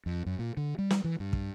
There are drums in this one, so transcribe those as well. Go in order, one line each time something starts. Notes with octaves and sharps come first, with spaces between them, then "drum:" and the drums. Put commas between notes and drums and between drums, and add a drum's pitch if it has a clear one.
F2
F#2
A#2
D3
G3
drum: snare
E3
G2
drum: kick